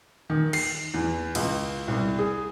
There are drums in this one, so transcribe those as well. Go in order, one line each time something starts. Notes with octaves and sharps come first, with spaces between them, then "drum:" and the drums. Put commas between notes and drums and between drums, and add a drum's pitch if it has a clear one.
D#3
C7, drum: cymbal
E2
C#2, drum: cymbal
C2
G#4